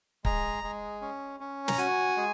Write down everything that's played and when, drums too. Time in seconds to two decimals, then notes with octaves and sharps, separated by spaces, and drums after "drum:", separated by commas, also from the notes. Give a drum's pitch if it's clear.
0.25 G#3 A#5, drum: kick
0.64 G#3
1.01 C#4
1.40 C#4
1.68 A#5, drum: snare
1.78 F#4 G#5
2.17 G#3